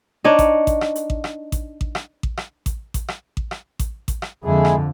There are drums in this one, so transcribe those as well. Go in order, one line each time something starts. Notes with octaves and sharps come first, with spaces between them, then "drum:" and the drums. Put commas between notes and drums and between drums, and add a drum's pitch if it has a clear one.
D4 D#4 C#5 D#5
drum: kick A1, hi-hat
drum: kick A1, hi-hat
drum: rim click
drum: hi-hat
drum: kick A1
drum: rim click
drum: kick A1, hi-hat
drum: kick A1
drum: rim click
drum: kick A1
drum: rim click
drum: kick A1, hi-hat
drum: kick A1, hi-hat
drum: rim click
drum: kick A1
drum: rim click
drum: kick A1, hi-hat
drum: kick A1, hi-hat
drum: rim click
F2 D3 G#3 E4 G#4
drum: rim click